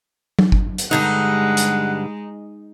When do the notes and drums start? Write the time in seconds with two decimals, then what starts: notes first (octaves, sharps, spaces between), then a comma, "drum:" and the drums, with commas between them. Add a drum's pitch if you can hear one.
0.39 drum: tom F#3
0.52 drum: kick G1
0.78 drum: hi-hat
0.91 G2 D3 G3 G#3 D#4 F#5
1.57 drum: hi-hat